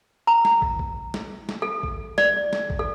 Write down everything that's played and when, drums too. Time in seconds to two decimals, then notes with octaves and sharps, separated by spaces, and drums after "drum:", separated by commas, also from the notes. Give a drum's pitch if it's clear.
0.27 A#5
0.45 drum: snare
0.62 drum: kick
0.79 drum: kick
1.14 drum: snare
1.49 drum: snare
1.62 A4
1.83 drum: kick
2.18 D5, drum: snare
2.53 drum: snare
2.70 drum: kick
2.79 A4